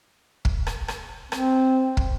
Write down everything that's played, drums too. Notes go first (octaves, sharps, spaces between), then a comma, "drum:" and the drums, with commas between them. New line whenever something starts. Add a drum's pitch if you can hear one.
drum: kick
drum: rim click
drum: rim click
C4, drum: rim click
drum: kick